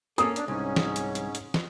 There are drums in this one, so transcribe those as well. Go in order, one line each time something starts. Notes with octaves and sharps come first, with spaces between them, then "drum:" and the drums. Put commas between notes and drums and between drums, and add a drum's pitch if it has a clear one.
A#3 C4 C#4 A4 D#6, drum: hi-hat
D4, drum: hi-hat
C2 G#2 C#4
drum: snare
drum: hi-hat
drum: hi-hat
drum: hi-hat
drum: snare